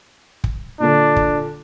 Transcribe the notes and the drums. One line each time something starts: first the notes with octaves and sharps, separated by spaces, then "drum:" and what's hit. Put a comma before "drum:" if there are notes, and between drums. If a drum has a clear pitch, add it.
drum: kick
A#2 D3 D4
drum: kick